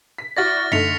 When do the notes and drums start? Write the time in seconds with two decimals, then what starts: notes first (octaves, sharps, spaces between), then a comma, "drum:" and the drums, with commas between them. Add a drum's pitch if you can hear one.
0.18 B6
0.37 E4 F#4 D5 F6 A6 A#6
0.72 D3 A3 D#4 B6 C#7 F7, drum: tom F#2